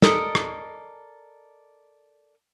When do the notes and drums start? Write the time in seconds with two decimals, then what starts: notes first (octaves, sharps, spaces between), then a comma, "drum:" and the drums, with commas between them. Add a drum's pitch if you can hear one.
0.02 A4 A#4 D5 D#5, drum: snare
0.35 drum: rim click